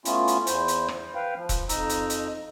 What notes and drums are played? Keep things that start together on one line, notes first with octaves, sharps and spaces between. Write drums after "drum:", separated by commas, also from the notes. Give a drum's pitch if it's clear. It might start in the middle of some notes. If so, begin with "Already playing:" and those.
A3 B3 C#4 E4 F4, drum: hi-hat
drum: hi-hat
E2 E4 C5, drum: hi-hat
drum: hi-hat
drum: rim click
B4 F5 G5
F3
drum: kick E1, hi-hat
F2 D#4 A#5 E6, drum: hi-hat
drum: hi-hat
drum: hi-hat